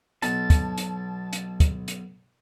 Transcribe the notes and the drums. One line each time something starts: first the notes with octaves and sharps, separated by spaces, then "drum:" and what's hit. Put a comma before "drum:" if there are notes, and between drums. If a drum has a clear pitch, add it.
B1 A5, drum: hi-hat
drum: kick, hi-hat
drum: hi-hat
drum: hi-hat
drum: kick, hi-hat
drum: hi-hat